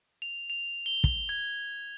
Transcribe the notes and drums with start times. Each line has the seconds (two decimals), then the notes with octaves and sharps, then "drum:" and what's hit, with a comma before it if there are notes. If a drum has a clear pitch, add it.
0.22 F7
0.50 F7
0.86 G7
1.04 drum: kick
1.29 G#6